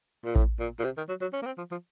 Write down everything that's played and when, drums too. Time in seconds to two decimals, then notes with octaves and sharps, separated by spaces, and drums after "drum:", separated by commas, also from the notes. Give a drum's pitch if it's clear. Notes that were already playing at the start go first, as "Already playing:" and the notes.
0.25 A#2
0.36 A2, drum: kick A1
0.60 A#2
0.79 A#2
0.84 C3
0.98 D#3
1.09 F#3
1.21 F#3
1.33 C#4
1.42 A#3
1.46 C4
1.58 F3
1.71 F3